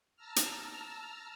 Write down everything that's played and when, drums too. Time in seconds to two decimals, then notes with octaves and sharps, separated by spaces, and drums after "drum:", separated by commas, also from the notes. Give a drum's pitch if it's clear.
0.16 A5 A#5 E6 F6
0.36 drum: hi-hat